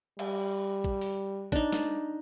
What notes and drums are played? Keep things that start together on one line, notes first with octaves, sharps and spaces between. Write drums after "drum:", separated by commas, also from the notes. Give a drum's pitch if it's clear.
G3, drum: cymbal
drum: kick
drum: open hi-hat
D4 D#4, drum: kick
drum: snare